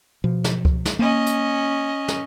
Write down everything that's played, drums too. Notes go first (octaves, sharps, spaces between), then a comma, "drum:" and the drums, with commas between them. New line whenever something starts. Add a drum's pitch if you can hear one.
B2 F3
drum: snare
drum: kick C#2
drum: snare
A#3 C#4 D#5
drum: hi-hat
drum: snare